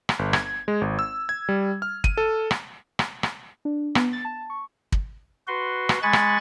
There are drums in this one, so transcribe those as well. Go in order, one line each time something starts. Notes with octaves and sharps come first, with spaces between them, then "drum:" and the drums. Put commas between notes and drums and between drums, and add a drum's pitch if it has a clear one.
drum: rim click
G1
G#6, drum: rim click
G#3
G#1
E6
G#6
G3
F6
D#7, drum: kick
A4
drum: rim click
drum: rim click
drum: rim click
D4
B3, drum: rim click
A6
A5
C#6
drum: kick
F#4 B4 C6
drum: rim click
G#3 G#5 B5 C#6 F#6 A6
drum: rim click